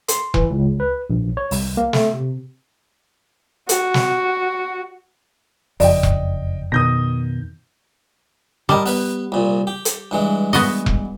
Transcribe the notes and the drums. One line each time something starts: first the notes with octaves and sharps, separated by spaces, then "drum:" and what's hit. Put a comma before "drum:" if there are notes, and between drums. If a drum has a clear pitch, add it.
C6, drum: hi-hat
E3, drum: kick E1
C#2
B4
A#1
C#5
C2, drum: open hi-hat
A#3
A3, drum: snare
C3
F#4, drum: hi-hat
drum: snare
F#1 F2 D5 D#5 G5, drum: open hi-hat
drum: kick E1
B2 D#3 D#6 G6 A#6
G3 A#4 D#5 A5
B3 B4, drum: open hi-hat
C2 A#2
G4
drum: hi-hat
G2 E3 G#3
B3 F#4 D#5, drum: open hi-hat
drum: kick E1